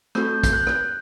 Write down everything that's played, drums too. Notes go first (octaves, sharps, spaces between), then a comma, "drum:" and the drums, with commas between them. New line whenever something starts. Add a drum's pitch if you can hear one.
A3 C4 F#4 A4 G6, drum: rim click
G6, drum: kick, hi-hat
F#6
drum: rim click